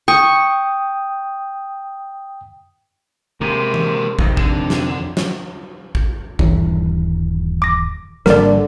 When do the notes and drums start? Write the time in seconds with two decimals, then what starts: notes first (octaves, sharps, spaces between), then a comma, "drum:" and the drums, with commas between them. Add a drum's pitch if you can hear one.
0.08 G5 C#6 D#6
3.41 C3 G#3 A#3
3.74 drum: tom E3
4.19 F2 C3 D#3, drum: kick
4.37 D3, drum: kick
4.70 drum: snare
5.17 drum: snare
5.95 drum: kick
6.39 D#1 G2 E3, drum: kick
7.62 D6 A#6
8.26 G#1 D3 G3 A#3 A#4 D5, drum: snare